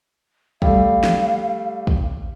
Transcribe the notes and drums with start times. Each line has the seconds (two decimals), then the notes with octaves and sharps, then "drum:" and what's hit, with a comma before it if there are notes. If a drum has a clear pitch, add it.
0.62 G3 A3 F5, drum: kick
1.04 drum: snare
1.87 drum: kick